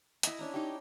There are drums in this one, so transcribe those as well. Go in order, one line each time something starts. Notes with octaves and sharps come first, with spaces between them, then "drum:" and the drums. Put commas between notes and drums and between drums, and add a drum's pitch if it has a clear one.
E4 D#5, drum: hi-hat
C#4 D4 A#5
D#4 G4